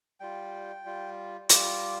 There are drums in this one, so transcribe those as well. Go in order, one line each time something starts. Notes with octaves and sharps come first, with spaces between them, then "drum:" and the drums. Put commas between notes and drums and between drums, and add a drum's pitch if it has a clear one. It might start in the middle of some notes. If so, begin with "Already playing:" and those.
G3 F4 G5
G3 F4
G3 F4 D6, drum: hi-hat